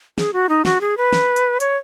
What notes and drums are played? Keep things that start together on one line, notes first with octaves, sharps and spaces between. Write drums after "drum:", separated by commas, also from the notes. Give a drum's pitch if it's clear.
G#4, drum: snare
F#4
D#4
F#4, drum: snare
G#4
B4
drum: snare
drum: hi-hat
C#5, drum: hi-hat